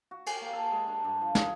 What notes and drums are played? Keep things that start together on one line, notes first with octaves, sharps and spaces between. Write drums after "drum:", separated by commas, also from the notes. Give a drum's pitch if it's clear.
F#4
G4, drum: cymbal
A#3
A4
G#3
D4
G2
F3
G#4, drum: snare